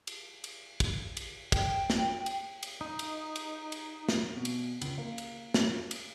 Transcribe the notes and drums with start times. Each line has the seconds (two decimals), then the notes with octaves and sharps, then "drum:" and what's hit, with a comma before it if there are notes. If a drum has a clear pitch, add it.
0.07 drum: cymbal
0.44 drum: cymbal
0.80 drum: kick, cymbal
1.17 drum: cymbal
1.52 G5, drum: kick, cymbal
1.90 drum: snare
2.26 drum: cymbal
2.63 drum: cymbal
2.81 D#4
2.99 drum: cymbal
3.36 drum: cymbal
3.72 drum: cymbal
4.09 drum: snare
4.36 B2
4.45 drum: cymbal
4.81 C#2, drum: cymbal
4.98 A#3
5.18 drum: cymbal
5.54 drum: snare
5.91 drum: cymbal